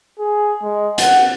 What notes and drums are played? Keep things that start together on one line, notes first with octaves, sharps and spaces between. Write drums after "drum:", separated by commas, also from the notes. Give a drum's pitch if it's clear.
G#4
G#3
F#5, drum: hi-hat